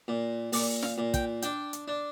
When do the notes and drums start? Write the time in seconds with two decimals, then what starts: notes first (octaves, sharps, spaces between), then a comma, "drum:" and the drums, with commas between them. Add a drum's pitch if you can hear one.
0.08 A#2
0.53 A#2 D5, drum: open hi-hat
0.83 F5, drum: snare
0.98 A#2
1.14 G5, drum: kick, hi-hat
1.42 D4 G5, drum: hi-hat
1.73 drum: hi-hat
1.88 D4